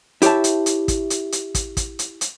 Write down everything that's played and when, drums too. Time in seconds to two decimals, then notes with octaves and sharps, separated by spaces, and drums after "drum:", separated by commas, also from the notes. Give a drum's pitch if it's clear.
0.22 E4 G4 C#5 E5 A5, drum: hi-hat
0.44 drum: hi-hat
0.66 drum: hi-hat
0.88 drum: kick, hi-hat
1.10 drum: hi-hat
1.32 drum: hi-hat
1.55 drum: kick, hi-hat
1.77 drum: kick, hi-hat
1.99 drum: hi-hat
2.21 drum: hi-hat